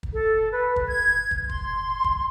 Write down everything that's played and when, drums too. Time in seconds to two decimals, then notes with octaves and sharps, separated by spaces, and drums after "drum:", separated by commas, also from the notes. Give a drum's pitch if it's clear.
0.03 drum: kick
0.12 A4
0.50 B4
0.76 drum: kick
0.87 G#6
1.31 drum: kick
1.49 C6, drum: kick
2.04 drum: kick